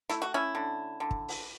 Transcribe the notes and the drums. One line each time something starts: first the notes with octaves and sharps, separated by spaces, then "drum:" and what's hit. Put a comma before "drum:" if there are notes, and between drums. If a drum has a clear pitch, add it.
A3 E4, drum: hi-hat
F#4
C#4 E4
D3
D3
drum: kick
drum: open hi-hat